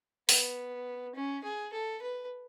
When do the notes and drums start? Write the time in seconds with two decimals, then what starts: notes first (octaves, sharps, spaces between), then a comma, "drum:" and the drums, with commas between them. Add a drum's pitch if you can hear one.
0.29 B3, drum: open hi-hat
1.15 C#4
1.44 G#4
1.73 A4
2.02 B4